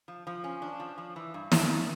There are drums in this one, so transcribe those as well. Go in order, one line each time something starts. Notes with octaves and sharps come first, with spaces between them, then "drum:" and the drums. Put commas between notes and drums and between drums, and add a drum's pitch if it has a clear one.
F3
F3
C#4
D4
F3
F3
E3
G2
G2, drum: snare
F2